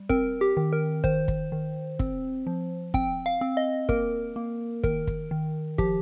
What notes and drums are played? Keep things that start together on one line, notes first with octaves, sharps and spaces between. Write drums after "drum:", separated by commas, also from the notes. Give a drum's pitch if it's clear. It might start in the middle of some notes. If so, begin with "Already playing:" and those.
Already playing: G3
C4 A#4, drum: kick
G4
D#3
A#4
D#3 C5, drum: kick
drum: kick
D#3
C4, drum: kick
F3
C4 G5, drum: kick
F5
C4
D#5
A#3 A#4, drum: kick
A#3
D#3 A#4, drum: kick
drum: kick
D#3
F3 G4, drum: kick